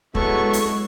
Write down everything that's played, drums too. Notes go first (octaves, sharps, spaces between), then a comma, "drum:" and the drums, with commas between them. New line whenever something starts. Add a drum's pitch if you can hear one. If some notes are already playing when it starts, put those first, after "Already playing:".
F#3 G#3 B3 E4 A4 C#6, drum: kick
drum: hi-hat